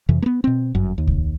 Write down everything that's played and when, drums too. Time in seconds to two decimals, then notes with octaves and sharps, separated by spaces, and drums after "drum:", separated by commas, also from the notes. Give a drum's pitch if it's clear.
0.09 F2 C3 E3
0.22 A#3 B3
0.44 B2 C4
0.75 G1 F#2
0.98 D#2
1.07 drum: kick C2